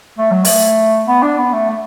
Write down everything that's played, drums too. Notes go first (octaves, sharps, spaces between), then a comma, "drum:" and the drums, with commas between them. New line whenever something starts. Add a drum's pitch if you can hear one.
A3
F#3
A3, drum: open hi-hat
B3
D4
B3
A3
A3